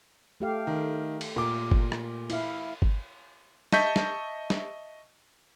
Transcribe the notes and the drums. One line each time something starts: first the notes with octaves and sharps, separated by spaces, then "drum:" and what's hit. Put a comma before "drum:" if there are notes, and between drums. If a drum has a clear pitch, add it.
A3 G4 F5
D#3
drum: cymbal
A#2 A#4 D6
drum: kick G1
drum: rim click
E4 F5, drum: cymbal
drum: kick G1
D#5 E5 A5 C#6 G6 B6, drum: snare
drum: snare
drum: snare